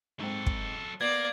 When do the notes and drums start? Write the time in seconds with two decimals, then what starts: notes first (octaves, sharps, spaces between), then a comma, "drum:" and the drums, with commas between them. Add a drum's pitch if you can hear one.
0.20 G#2 F#3 C4 A4
0.47 drum: kick
1.01 A#3 B3 D5 G#6